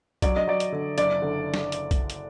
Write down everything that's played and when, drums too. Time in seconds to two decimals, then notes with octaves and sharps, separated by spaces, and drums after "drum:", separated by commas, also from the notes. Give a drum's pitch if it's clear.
0.22 F#3 D5, drum: kick B1, hi-hat
0.36 D#5
0.48 F#3 D5
0.60 drum: hi-hat
0.72 D3
0.98 F#1 D5, drum: hi-hat
1.22 D3
1.54 drum: snare
1.72 drum: hi-hat
1.91 drum: kick B1, hi-hat
2.10 drum: hi-hat